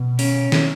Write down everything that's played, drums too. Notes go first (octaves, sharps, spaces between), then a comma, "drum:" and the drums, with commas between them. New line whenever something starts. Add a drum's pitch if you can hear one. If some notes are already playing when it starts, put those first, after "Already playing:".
Already playing: B2
C#4, drum: open hi-hat
drum: snare